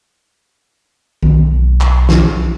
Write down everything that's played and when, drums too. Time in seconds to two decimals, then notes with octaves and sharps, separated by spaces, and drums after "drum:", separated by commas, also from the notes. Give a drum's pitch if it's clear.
1.22 B1, drum: tom
1.81 drum: clap
2.09 drum: snare